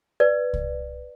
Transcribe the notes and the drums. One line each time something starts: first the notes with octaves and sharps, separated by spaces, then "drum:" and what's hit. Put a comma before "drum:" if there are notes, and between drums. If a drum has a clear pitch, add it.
B4 D5
drum: kick C2